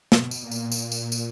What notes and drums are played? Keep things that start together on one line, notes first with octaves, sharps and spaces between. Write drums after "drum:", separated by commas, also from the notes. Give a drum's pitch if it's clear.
B2, drum: snare
drum: tambourine
A#2
drum: tambourine
A#2, drum: tambourine
drum: tambourine
drum: tambourine